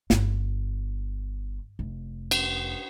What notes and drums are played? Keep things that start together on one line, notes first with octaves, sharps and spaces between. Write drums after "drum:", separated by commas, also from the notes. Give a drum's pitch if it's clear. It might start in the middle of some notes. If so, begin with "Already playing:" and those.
G1, drum: snare
F1
drum: cymbal